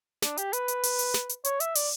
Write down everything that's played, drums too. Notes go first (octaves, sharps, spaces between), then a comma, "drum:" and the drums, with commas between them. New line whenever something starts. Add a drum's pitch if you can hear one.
D4, drum: snare
G4, drum: hi-hat
B4, drum: hi-hat
drum: hi-hat
drum: open hi-hat
drum: hi-hat
drum: snare
drum: hi-hat
C#5, drum: hi-hat
E5, drum: hi-hat
D5, drum: open hi-hat